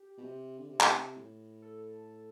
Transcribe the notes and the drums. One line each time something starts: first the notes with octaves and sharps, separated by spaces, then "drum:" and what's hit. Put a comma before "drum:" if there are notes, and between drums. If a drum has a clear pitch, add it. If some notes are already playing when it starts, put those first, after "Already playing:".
Already playing: G4
B2
C3
D3
C3
drum: clap
A2
A4